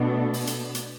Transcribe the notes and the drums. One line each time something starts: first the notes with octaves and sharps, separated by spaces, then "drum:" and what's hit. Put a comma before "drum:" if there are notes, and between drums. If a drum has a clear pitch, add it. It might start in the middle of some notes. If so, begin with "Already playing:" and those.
Already playing: B2 A3 B3 D4 A4
drum: open hi-hat
drum: hi-hat
drum: hi-hat